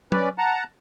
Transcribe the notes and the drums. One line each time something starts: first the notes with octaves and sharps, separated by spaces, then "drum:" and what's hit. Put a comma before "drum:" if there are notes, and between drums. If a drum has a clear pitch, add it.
C#4 B4 D5, drum: tom F#3
F#5 A5 A#5